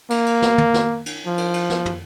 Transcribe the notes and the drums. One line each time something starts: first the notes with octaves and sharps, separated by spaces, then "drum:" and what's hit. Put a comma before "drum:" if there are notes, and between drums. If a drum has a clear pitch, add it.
A#3, drum: cymbal
drum: cymbal
drum: snare
drum: tom
drum: snare
drum: cymbal
F3
drum: cymbal
drum: cymbal
drum: snare
drum: tom